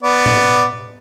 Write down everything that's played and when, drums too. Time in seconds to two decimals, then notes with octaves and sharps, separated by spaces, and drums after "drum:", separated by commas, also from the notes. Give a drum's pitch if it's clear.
0.03 B3 D5
0.26 drum: tom A2